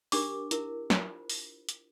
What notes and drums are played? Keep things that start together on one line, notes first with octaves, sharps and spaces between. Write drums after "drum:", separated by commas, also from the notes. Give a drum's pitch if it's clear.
D4 G4 A#4 D6, drum: open hi-hat
E4 A#4, drum: hi-hat
F4 C5, drum: snare
drum: open hi-hat
drum: hi-hat